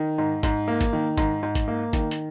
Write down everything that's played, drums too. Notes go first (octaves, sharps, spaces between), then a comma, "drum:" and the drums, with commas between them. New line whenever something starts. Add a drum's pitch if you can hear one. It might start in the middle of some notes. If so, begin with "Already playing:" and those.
Already playing: D#3
G#2
G#2, drum: kick G#1, hi-hat
A#3
drum: kick G#1, hi-hat
D#3
G#2, drum: kick G#1, hi-hat
G#2
drum: kick G#1, hi-hat
A#3
D#3, drum: kick G#1, hi-hat
drum: hi-hat